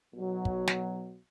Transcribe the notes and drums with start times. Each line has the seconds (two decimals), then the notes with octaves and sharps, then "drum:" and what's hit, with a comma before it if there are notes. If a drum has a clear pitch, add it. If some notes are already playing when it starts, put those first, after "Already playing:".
0.15 B1 B2 F#3
0.45 drum: kick
0.67 drum: snare